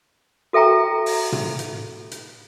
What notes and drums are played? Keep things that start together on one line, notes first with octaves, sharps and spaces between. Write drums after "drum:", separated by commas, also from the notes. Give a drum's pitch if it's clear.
F#4 A4 E5 G5 A#5 C#6
drum: open hi-hat
drum: tom
drum: hi-hat
drum: hi-hat